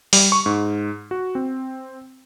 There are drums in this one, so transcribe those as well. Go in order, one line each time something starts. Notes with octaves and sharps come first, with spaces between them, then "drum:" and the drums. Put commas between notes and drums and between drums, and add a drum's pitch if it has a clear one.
G3, drum: open hi-hat
C#6
G#2
F#4
C4